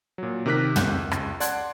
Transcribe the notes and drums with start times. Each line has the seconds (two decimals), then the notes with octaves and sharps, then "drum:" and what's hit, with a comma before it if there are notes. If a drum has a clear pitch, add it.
0.18 A#2 F#3
0.46 C3 D#3 A#4 D6 F#6 B6
0.76 C#2 F#6 G6, drum: tom
1.11 C#2, drum: rim click
1.40 D5 F#5 A5 C6 F#6 G#6, drum: hi-hat